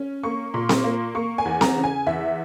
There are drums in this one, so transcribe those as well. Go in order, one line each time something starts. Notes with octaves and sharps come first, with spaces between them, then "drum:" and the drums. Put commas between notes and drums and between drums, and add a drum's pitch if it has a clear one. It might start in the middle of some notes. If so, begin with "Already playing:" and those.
Already playing: C#4
A#3 C#6
A#2
drum: snare C4
A#3
A#3 C#6
G#5
E2
A#5, drum: snare C4
C#3
G#5
E2 E5